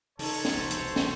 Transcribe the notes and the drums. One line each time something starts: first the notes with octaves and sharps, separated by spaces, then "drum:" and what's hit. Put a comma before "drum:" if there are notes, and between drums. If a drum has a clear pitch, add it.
C3 D#4 A4 C#5 A5, drum: open hi-hat
drum: snare
E1 C2 C5
drum: hi-hat
drum: snare